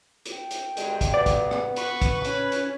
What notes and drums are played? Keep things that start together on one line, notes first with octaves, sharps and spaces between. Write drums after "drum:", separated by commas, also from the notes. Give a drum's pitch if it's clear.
drum: hi-hat
G5
drum: hi-hat
D2 G2 G#3, drum: hi-hat
drum: kick, hi-hat
B3 D5
drum: kick, hi-hat
drum: rim click
B4 C#6, drum: hi-hat
drum: kick, hi-hat
C#4, drum: hi-hat
drum: hi-hat